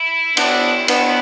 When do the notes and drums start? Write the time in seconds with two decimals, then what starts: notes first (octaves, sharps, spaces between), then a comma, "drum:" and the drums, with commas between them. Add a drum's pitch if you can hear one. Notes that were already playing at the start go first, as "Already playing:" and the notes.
Already playing: E4
0.37 B3 D4, drum: cymbal
0.88 B3 D4, drum: cymbal